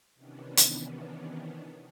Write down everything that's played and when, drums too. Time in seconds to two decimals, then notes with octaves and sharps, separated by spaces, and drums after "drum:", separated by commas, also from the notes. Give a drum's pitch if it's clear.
0.15 C3 D#3 E3 B3 C#4 D4
0.57 drum: hi-hat